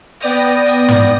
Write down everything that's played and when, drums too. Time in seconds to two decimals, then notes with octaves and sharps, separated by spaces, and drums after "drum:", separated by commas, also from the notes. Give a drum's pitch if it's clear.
0.20 B3 D5 G5 D#6 A#6, drum: open hi-hat
0.66 drum: hi-hat
0.88 drum: tom